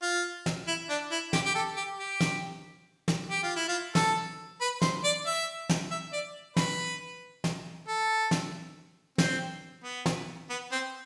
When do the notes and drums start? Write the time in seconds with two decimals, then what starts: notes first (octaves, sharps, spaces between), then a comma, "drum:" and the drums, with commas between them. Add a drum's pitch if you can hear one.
0.02 F4
0.46 drum: snare
0.67 E4
0.89 D4
1.11 E4
1.33 G4, drum: snare
1.45 G4
1.55 A4
1.76 G4
1.99 G4
2.20 drum: snare
3.08 drum: snare
3.30 G4
3.43 F4
3.56 E4
3.69 F4
3.95 A4, drum: snare
4.61 B4
4.82 C5, drum: snare
5.04 D5
5.26 E5
5.69 drum: snare
5.91 E5
6.13 D5
6.56 B4, drum: snare
7.44 drum: snare
7.88 A4
8.31 drum: snare
9.18 C4, drum: snare
9.84 B3
10.06 drum: snare
10.50 B3
10.72 C4